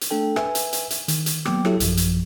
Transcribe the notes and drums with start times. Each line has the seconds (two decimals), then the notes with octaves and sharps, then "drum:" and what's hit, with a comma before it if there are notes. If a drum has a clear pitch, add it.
0.01 drum: hi-hat
0.11 A3 D4 A4 G5
0.36 B4 E5 G#5, drum: rim click
0.55 drum: hi-hat
0.73 drum: hi-hat
0.90 drum: hi-hat
1.08 D#3, drum: hi-hat
1.26 drum: hi-hat
1.45 F#3 A#3 B3 G5 D6, drum: rim click
1.65 F#3 E4 G4 A4 E5, drum: rim click
1.80 A1 F#2 F3, drum: hi-hat
1.97 drum: hi-hat